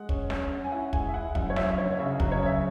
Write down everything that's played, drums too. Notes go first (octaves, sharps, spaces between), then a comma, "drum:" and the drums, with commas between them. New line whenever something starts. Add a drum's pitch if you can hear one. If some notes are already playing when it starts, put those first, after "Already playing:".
Already playing: G#3 F#5
C#4, drum: kick
C#4, drum: snare
C#4
G#5
E4 F#5
G#3 G#5, drum: kick
E5
E4 F#5
F#2 F#5, drum: kick
C#5
F#2 E5, drum: snare
F#1 C#5
C#3 E5
F#3, drum: kick
C#5
C#3 E5